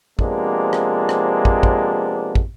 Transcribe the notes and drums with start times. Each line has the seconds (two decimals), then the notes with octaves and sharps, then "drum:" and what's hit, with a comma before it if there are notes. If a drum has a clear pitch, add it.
0.19 C3 F3 G#3 A#3 B3 D4, drum: kick
0.73 drum: rim click
1.09 drum: rim click
1.45 drum: kick
1.63 drum: kick
2.35 drum: kick